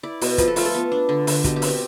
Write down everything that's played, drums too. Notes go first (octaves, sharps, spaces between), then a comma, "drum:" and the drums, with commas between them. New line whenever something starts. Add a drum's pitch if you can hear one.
E4 D5
B2, drum: open hi-hat
F3 B4, drum: kick, hi-hat
A4
A3 F4, drum: open hi-hat
A4
B3
D4
D3
D3, drum: open hi-hat
B2 G4, drum: kick, hi-hat
G4
C4, drum: open hi-hat
G4